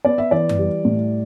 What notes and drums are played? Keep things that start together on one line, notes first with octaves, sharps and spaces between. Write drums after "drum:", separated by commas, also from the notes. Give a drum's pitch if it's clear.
B3 D5
E5
E3 D5
drum: tom F#2
G3
A2